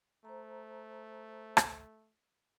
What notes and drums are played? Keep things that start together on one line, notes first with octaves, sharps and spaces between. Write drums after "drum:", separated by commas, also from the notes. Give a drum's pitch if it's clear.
A3 C5 A#5
drum: rim click